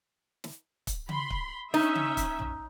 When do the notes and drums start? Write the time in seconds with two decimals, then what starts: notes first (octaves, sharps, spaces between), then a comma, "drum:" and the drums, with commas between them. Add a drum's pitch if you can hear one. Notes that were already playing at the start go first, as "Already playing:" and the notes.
0.44 drum: snare
0.87 drum: kick, hi-hat
1.09 B5 C6, drum: tom C#3
1.30 drum: kick
1.74 C#4 D#4 E5, drum: snare
1.95 drum: tom C#3
2.17 drum: kick, hi-hat
2.39 drum: tom